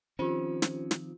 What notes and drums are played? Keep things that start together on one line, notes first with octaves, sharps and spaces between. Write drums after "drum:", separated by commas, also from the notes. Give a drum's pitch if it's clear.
D#3 F3 C4 C#4 F4 G4 C5
drum: snare
drum: snare